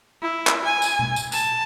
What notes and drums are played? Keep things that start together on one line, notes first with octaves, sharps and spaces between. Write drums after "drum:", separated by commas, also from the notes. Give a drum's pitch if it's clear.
E4
drum: clap
G#5
drum: tambourine
drum: tom B2
drum: tambourine
A5, drum: tambourine